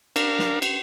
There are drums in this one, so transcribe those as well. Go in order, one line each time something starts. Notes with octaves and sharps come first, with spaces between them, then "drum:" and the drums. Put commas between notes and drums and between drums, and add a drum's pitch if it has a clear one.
D4 A#4 F5, drum: cymbal
drum: snare
drum: cymbal